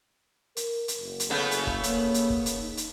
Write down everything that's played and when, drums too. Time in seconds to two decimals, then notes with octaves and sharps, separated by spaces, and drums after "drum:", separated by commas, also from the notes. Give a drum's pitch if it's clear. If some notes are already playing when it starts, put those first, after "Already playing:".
0.57 A#4, drum: hi-hat
0.88 drum: hi-hat
0.99 F#1
1.20 drum: hi-hat
1.30 C#3 A3 B3
1.51 drum: hi-hat
1.67 drum: kick
1.83 A#3, drum: hi-hat
2.14 drum: hi-hat
2.30 drum: kick
2.46 drum: hi-hat
2.57 D#4
2.77 drum: hi-hat